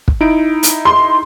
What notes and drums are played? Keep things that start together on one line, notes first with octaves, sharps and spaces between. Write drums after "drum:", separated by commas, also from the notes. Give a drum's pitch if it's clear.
drum: kick
D#4 E4 D7
drum: hi-hat
C6